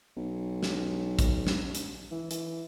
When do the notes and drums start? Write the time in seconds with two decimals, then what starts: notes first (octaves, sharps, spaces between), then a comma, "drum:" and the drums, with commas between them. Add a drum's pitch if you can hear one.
0.17 B1
0.63 drum: snare
1.19 drum: kick, hi-hat
1.47 drum: snare
1.75 drum: hi-hat
2.11 E3
2.31 E3, drum: hi-hat